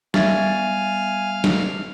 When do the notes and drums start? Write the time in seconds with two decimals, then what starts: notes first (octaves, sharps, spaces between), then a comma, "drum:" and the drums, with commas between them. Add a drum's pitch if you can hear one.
0.14 G3 B3 E5 F5 G#5 G#6 A6, drum: snare
1.44 drum: snare